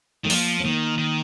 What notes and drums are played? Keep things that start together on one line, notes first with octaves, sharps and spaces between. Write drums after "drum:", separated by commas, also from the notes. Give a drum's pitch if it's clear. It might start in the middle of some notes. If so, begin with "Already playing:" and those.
D#3 A3
F3 A#3, drum: open hi-hat
C4
D#3 A#3
D#3